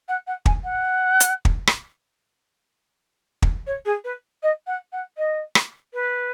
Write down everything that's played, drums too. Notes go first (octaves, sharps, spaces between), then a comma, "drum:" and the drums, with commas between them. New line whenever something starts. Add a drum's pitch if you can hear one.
F#5
F#5
G#5, drum: kick
F#5
drum: hi-hat
drum: kick
drum: rim click
drum: kick
C#5
G#4
B4
D#5
F#5
F#5
D#5
drum: rim click
B4